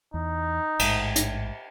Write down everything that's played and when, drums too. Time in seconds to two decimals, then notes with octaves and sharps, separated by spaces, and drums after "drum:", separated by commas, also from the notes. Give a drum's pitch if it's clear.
0.14 E2 D#4
0.79 A1 G#2, drum: cymbal
1.16 drum: hi-hat